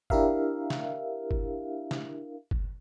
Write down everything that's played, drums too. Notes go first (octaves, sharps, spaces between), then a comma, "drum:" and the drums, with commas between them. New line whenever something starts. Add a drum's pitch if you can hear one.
D4 E4 G4 A#4 E5 F5, drum: kick G1
drum: snare
drum: kick G1
drum: snare
drum: kick G1